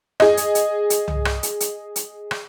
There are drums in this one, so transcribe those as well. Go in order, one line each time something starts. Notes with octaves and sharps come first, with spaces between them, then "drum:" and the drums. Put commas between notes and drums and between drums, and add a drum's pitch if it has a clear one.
G#4 D#5, drum: rim click
drum: hi-hat
drum: hi-hat
drum: hi-hat
drum: tom
drum: rim click
drum: hi-hat
drum: hi-hat
drum: hi-hat
drum: rim click